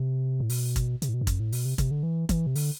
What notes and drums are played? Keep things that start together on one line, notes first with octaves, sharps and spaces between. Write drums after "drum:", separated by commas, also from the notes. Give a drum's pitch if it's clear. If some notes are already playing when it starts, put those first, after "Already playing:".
Already playing: C3
A2
B2, drum: open hi-hat
drum: kick, hi-hat
C3, drum: hi-hat
A2
B2
G2
F#2, drum: kick, hi-hat
A2
B2, drum: open hi-hat
C3
C3, drum: kick, hi-hat
D3
E3
E3, drum: kick, hi-hat
C3
D3, drum: open hi-hat